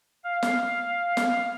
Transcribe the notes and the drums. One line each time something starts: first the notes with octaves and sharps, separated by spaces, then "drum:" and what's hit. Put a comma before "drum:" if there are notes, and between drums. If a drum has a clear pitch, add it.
F5
drum: snare
drum: snare